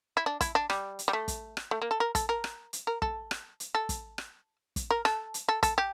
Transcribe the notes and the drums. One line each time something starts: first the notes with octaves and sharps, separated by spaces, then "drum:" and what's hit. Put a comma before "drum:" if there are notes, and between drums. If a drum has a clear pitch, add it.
E4
D4
E4, drum: kick, hi-hat
D4
G3, drum: rim click
drum: hi-hat
G3
A3
drum: kick, hi-hat
drum: rim click
A3
A#3
A4
A#4
A4, drum: kick, hi-hat
A#4
drum: rim click
drum: hi-hat
A#4
A4, drum: kick
drum: rim click
drum: hi-hat
A4
drum: kick, hi-hat
drum: rim click
drum: kick, hi-hat
A#4
A4, drum: rim click
drum: hi-hat
A4
A4, drum: kick, hi-hat
G4